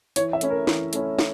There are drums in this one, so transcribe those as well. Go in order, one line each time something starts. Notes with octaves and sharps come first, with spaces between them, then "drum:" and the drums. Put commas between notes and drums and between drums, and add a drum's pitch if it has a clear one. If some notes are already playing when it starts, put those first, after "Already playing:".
E3 C#5, drum: hi-hat
E5
A3 C#4 E4, drum: hi-hat
A#4
E3, drum: snare
A3 C#4 E4, drum: hi-hat
drum: snare